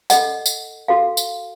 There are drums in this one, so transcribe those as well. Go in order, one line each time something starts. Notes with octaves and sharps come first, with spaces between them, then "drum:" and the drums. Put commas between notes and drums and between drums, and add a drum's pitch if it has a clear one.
A4 D#5 F#5, drum: tambourine
drum: tambourine
F#4 A4 F5
drum: tambourine